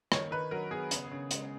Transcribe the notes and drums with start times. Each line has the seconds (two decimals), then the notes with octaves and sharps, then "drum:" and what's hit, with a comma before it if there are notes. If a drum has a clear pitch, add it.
0.12 D#3 C#5, drum: rim click
0.31 D#3 B4
0.51 F#3 A#4
0.71 B3 G#4
0.91 C#3, drum: hi-hat
1.11 C#3
1.31 G#3, drum: hi-hat